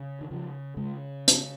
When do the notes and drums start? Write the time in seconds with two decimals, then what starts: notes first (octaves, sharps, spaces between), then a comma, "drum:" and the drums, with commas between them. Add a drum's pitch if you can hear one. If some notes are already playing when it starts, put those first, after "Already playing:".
Already playing: C#3
0.21 D#3
0.31 C#3 F3
0.77 C#3 G#3
1.28 drum: hi-hat